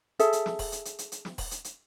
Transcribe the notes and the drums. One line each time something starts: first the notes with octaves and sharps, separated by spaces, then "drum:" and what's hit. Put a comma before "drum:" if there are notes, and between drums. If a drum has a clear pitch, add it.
G#4 A4 E5, drum: hi-hat
drum: hi-hat
drum: snare
drum: kick D#1, open hi-hat
drum: hi-hat
drum: hi-hat
drum: hi-hat
drum: hi-hat
drum: snare
drum: kick D#1, open hi-hat
drum: hi-hat
drum: hi-hat